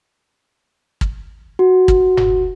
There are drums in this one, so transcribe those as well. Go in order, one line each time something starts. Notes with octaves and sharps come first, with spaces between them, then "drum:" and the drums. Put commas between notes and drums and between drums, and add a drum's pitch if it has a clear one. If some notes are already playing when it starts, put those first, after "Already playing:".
drum: kick
F#4
drum: kick
drum: tom F#1